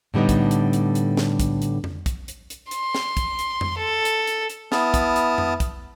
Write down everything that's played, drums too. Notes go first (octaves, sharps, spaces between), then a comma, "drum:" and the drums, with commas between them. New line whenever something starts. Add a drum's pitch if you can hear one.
A2 D3 G3 B3 D#4
drum: kick, hi-hat
drum: hi-hat
drum: hi-hat
drum: hi-hat
drum: snare
drum: kick, hi-hat
drum: hi-hat
drum: tom F2
drum: kick, hi-hat
drum: hi-hat
drum: hi-hat
C6, drum: hi-hat
drum: snare
drum: kick, hi-hat
drum: hi-hat
drum: tom F2
A4
drum: hi-hat
drum: hi-hat
drum: hi-hat
B3 E4 A5 D#6 F6, drum: snare
drum: kick, hi-hat
drum: hi-hat
drum: tom F2
drum: kick, hi-hat